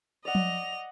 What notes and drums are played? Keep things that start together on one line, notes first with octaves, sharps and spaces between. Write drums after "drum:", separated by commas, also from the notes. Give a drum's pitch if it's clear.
D5 D#5 F#5 F7
drum: tom F3